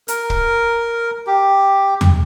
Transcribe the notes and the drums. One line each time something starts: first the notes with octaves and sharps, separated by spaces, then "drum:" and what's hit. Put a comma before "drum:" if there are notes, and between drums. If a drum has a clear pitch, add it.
A#4, drum: hi-hat
drum: kick
G4
drum: tom E2